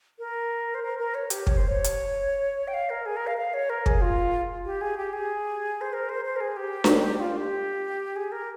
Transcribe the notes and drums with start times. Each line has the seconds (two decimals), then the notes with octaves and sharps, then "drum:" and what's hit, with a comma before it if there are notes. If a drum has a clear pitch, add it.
0.19 A#4
0.75 C5
0.82 A#4
0.99 A#4
1.14 C#5
1.30 G4, drum: hi-hat
1.47 C#5, drum: kick
1.57 C5
1.68 C#5
1.84 drum: hi-hat
2.68 G5
2.74 F5
2.90 A#4
3.06 G#4
3.16 A#4
3.27 F5
3.38 F5
3.54 C#5
3.70 A#4
3.86 G#4, drum: kick
4.01 F4
4.65 G4
4.81 G#4
4.97 G4
5.13 G#4
5.81 C5
5.93 A#4
6.09 C5
6.25 C5
6.36 A#4
6.41 G#4
6.57 G4
6.84 drum: snare D4
7.20 F4
7.37 G4
8.16 G#4
8.32 A#4